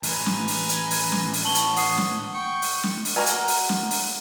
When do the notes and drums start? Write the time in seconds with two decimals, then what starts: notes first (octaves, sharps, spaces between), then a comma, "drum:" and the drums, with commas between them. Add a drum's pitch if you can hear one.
0.03 A2 E3 B4 G#5 A#5, drum: open hi-hat
0.26 drum: snare
0.48 drum: open hi-hat
0.69 drum: hi-hat
0.91 drum: open hi-hat
1.12 drum: snare
1.33 drum: open hi-hat
1.44 B3 C#5 A5 F#7 G7
1.55 drum: hi-hat
1.76 F#5 D#6 C7, drum: open hi-hat
1.98 drum: snare
2.34 G5 C#6
2.62 drum: open hi-hat
2.83 drum: snare
3.05 drum: open hi-hat
3.16 A#3 F#4 A#4 G#5
3.26 drum: hi-hat
3.48 drum: open hi-hat
3.69 drum: snare
3.91 drum: open hi-hat